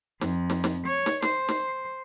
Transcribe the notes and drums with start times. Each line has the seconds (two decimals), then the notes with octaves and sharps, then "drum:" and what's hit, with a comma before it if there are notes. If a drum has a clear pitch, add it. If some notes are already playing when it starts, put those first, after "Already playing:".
0.21 F2, drum: snare
0.50 drum: snare
0.64 drum: snare
0.85 C#5
1.06 drum: snare
1.22 C5, drum: snare
1.49 drum: snare